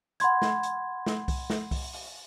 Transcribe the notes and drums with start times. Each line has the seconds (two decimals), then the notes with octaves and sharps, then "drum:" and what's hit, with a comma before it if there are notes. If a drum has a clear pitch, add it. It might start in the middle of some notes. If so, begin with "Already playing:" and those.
0.20 F#5 B5 C6 G#6, drum: hi-hat
0.42 drum: snare
0.63 drum: hi-hat
1.06 drum: snare
1.28 drum: kick C2, open hi-hat
1.50 drum: snare
1.71 drum: kick C2, open hi-hat
1.93 drum: open hi-hat